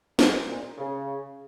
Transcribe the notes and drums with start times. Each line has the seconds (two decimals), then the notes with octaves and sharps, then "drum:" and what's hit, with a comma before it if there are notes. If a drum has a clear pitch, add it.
0.19 G#2, drum: snare
0.48 A#2
0.78 C#3